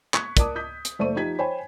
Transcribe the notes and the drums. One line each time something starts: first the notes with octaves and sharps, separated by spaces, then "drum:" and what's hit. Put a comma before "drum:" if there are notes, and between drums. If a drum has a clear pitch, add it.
C#6 F#6 G#6 B6 C#7, drum: clap
A#4 D5 A5 D6 D#6, drum: kick, hi-hat
D#6 G6 B6
drum: hi-hat
F#1 A3 C5 D5 C#6 D#7
F3 D#4 F4 G4 G#6 B6
C5 C#5 G5 G#5 B5